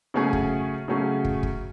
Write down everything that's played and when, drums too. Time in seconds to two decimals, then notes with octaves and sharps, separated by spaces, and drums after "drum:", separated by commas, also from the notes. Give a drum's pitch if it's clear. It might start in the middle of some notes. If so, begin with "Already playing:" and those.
0.14 C#3 F#3 A3 C#4 G#4
0.33 drum: kick
0.88 C#3 F#3 A3 C#4 G#4
1.25 drum: kick
1.43 drum: kick